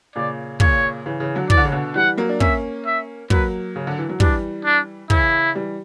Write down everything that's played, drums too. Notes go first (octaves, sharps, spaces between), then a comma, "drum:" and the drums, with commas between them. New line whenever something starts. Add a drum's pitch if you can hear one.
A#2 C#3 D5
A#2 C#3 C#5, drum: kick
C#3 E3
C#3 E3
D3 F#3
E3 D5, drum: kick
D3
C#3
B2 D3
E3 G3 F#5
F#3 A#3
D4
A#3 C#4 E5, drum: kick
E5
F#3 A#3 B4, drum: kick
C#3
D3
E3
F#3
E3 G3 D4, drum: kick
D4
C#3 E3 E4, drum: kick
E3 G3